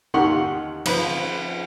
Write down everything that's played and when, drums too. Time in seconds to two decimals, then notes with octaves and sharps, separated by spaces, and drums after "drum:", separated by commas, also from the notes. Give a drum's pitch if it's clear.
0.14 D#2 D#3 G4 F#5 C6 C#6
0.85 F3 B4 B5, drum: cymbal